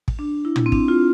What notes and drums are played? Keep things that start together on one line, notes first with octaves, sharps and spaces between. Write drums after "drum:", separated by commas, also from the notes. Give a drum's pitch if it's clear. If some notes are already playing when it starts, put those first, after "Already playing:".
drum: kick
D4
E4
drum: tom
C4
D4, drum: kick
F4